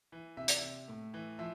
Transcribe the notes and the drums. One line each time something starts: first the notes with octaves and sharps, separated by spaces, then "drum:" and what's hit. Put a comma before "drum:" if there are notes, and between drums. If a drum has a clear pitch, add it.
E3
C3 E5
D5, drum: hi-hat
C3 E5
A2
E3
F3 E5